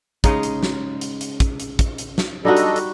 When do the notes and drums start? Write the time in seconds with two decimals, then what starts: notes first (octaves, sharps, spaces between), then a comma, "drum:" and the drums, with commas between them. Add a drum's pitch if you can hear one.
0.24 C#3 G#3 D#4, drum: kick, hi-hat
0.43 drum: hi-hat
0.63 drum: snare
1.01 drum: hi-hat
1.21 drum: hi-hat
1.40 drum: kick, hi-hat
1.60 drum: hi-hat
1.79 drum: kick, hi-hat
1.98 drum: hi-hat
2.18 drum: snare
2.45 G3 D4 D#4 F#4 A4 D#5
2.57 drum: hi-hat
2.76 drum: hi-hat